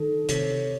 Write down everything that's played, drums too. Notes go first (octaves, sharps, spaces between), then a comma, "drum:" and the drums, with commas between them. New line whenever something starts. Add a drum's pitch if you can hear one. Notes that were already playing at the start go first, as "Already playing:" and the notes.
Already playing: D#3 A4
C3 C#5, drum: hi-hat